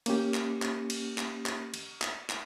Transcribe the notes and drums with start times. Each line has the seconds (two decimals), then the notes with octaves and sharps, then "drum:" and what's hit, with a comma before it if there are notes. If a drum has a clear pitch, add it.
0.06 A#3 C#4 G4, drum: cymbal
0.34 drum: clap
0.62 drum: clap
0.90 drum: cymbal
1.18 drum: clap
1.46 drum: clap
1.74 drum: cymbal
2.02 drum: clap
2.29 drum: clap